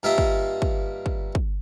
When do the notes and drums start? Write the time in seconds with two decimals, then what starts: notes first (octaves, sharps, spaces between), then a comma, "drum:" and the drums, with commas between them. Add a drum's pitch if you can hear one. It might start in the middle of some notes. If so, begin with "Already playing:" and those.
0.03 G2 A#3 F4 A#4 D#5 E5
0.18 drum: kick
0.62 drum: kick
1.06 drum: kick
1.35 drum: kick